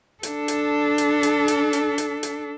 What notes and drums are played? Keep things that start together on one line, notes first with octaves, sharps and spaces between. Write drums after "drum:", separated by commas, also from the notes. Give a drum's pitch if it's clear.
D4 A4, drum: hi-hat
drum: hi-hat
drum: hi-hat
drum: hi-hat
drum: hi-hat
drum: hi-hat
drum: hi-hat
drum: hi-hat